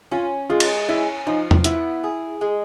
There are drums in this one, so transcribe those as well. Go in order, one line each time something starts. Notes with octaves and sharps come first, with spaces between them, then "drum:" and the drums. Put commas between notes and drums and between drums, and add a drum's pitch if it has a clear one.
C#4 F4
G#3 F4
drum: cymbal
C#4 E4
F3 D#4
drum: tom E2
B3 E4, drum: hi-hat
G#4
G#3